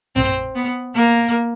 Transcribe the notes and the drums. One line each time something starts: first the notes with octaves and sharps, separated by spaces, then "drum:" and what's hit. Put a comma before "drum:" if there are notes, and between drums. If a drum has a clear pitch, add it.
C4, drum: tom A#1
B3
A#3